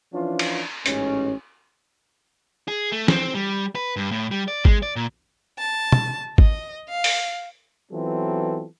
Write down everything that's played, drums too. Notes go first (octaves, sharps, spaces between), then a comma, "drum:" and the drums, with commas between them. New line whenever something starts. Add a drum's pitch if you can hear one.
E3 F3 C#4 D4 F4
drum: cymbal
A1 G#2 C#4, drum: hi-hat
G#4
A3
C4, drum: snare
G3
B4
G2
A2
G3
D5
G#3, drum: kick G#1
D5
A#2
A5
drum: tom
D#5, drum: kick G#1
F5
drum: open hi-hat
E3 F#3 B3 C4 F4 A4